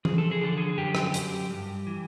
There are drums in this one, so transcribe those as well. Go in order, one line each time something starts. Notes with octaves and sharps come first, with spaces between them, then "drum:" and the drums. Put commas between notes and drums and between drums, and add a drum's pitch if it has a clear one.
F3 G#4, drum: tom E3
A4
G#4
D3 A4
G#4
F#2 G4
drum: rim click
F#2, drum: hi-hat
G2
E3